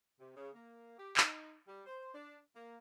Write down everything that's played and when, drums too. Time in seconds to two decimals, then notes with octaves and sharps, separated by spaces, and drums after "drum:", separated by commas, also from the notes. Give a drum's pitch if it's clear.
0.20 C3
0.36 C#3
0.53 A#3
0.98 G4
1.17 D#4, drum: clap
1.67 G3
1.86 C5
2.15 D4
2.55 A#3